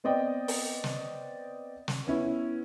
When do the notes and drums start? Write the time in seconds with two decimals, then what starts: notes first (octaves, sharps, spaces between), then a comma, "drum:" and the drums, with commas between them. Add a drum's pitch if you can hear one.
0.04 B3 C4 D5 D#5 G5
0.48 drum: open hi-hat
0.84 drum: snare
1.88 drum: snare
2.07 B3 C#4 E4